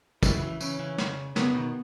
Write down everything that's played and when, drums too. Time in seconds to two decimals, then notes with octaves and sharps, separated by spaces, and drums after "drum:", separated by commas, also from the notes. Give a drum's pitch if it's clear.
0.23 C#3 E3 E4, drum: kick, tambourine
0.38 F#3
0.42 C#3 E3
0.61 C#3 E3 C#4, drum: tambourine
0.79 C#3 E3
0.98 C#3, drum: snare
1.36 C#3 B3, drum: snare
1.55 B2 D#3